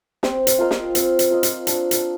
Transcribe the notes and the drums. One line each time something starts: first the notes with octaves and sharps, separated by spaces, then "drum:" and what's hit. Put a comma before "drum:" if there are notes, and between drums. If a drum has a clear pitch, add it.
C4, drum: snare
drum: hi-hat
F4 A#4 D#5
drum: snare
C4, drum: hi-hat
drum: hi-hat
F4 A#4 D#5
drum: hi-hat
D4, drum: hi-hat
drum: hi-hat